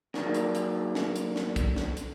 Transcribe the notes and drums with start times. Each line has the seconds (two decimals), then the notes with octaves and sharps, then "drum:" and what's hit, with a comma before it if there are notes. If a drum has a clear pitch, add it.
0.14 D#3 F#3 A#3 D4, drum: snare
0.34 drum: hi-hat
0.55 drum: hi-hat
0.95 drum: snare
1.16 drum: hi-hat
1.36 drum: snare
1.56 drum: kick, hi-hat
1.76 drum: snare
1.97 drum: hi-hat